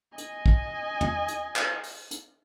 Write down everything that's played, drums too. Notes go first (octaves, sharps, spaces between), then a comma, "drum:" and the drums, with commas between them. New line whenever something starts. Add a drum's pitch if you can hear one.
D#5 G#5, drum: hi-hat
drum: kick
drum: tom
drum: hi-hat
drum: clap
drum: open hi-hat
drum: hi-hat